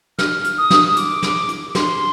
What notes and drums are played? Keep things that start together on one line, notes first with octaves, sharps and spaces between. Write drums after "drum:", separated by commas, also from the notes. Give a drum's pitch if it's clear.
F6, drum: snare
drum: hi-hat
D#6
drum: snare
D6, drum: hi-hat
drum: snare
drum: hi-hat
C6, drum: snare